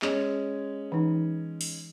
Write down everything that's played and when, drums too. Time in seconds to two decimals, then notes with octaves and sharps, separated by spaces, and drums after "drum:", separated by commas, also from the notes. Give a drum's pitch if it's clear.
0.02 G#3 C#4, drum: clap
0.92 E3 D#4
1.61 drum: open hi-hat